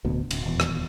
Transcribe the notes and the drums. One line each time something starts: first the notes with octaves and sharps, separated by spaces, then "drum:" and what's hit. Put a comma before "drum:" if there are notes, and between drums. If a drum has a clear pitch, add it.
D1 D2 B2
D1, drum: cymbal
D#1 E2
drum: rim click